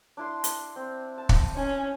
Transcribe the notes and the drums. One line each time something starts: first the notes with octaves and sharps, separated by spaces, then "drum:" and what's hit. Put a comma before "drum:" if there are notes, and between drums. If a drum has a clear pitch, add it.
D4 E4 C6
drum: hi-hat
C4
A5
drum: kick
C#4 G#5